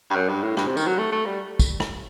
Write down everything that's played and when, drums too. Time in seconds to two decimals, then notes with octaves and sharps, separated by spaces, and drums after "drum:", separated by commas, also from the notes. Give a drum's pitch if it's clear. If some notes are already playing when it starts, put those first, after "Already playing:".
0.11 G2
0.15 F#2
0.29 G2
0.43 A2
0.57 G2, drum: rim click
0.67 C3
0.77 D#3, drum: tambourine
0.87 F#3
0.98 A3
1.12 A3
1.26 G3
1.59 drum: kick, tambourine
1.80 drum: rim click